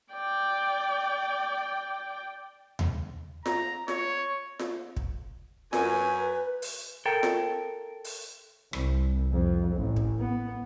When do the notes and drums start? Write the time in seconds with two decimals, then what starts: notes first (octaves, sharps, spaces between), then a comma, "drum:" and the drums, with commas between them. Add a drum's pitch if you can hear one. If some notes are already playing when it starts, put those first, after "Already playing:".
0.13 D5 G5
2.79 drum: tom D#2
3.46 A#5, drum: snare F4
3.88 C#5, drum: snare F4
4.59 drum: snare F4
4.97 drum: kick
5.73 F#2 B4 G#5, drum: snare F4
6.62 drum: open hi-hat
7.06 A4 A#4 G5
7.23 drum: snare F4
8.04 drum: open hi-hat
8.73 C2, drum: rim click
9.32 F2
9.75 A1
9.96 drum: kick
10.20 B3